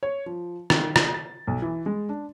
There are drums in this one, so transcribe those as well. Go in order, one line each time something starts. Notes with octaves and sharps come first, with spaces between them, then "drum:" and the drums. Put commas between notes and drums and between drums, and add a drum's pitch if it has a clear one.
C#5
F3
D#3, drum: rim click
drum: rim click
A6
B1
E3
G#3
D4